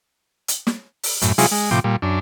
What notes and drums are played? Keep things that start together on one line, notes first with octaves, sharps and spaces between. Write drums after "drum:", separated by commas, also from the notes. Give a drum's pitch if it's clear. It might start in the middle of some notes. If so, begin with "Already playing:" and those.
drum: hi-hat
drum: snare
drum: open hi-hat
F#2 A2, drum: hi-hat
C3 F#3 G#3 E4 F4 G#4, drum: open hi-hat
G#3
A2 C3 F3 G5 D6
A#2 G3
F#2 D4